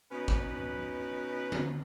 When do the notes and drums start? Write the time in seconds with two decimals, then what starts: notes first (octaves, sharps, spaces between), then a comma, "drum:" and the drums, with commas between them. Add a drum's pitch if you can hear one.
0.12 B2 C#4 D#4 B4
0.28 drum: kick
1.52 drum: tom D3